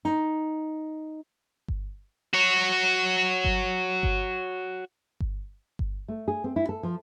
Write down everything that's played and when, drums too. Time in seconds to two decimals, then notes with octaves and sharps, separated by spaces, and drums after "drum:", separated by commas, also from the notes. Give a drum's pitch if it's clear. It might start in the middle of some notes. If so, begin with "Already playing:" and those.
0.05 D#4
1.68 drum: kick G1
2.34 F#4 C#5
3.44 drum: kick G1
4.03 drum: kick G1
5.20 drum: kick G1
5.79 drum: kick G1
6.08 A3
6.28 G#4
6.44 C4
6.56 E4
6.69 A4
6.83 F3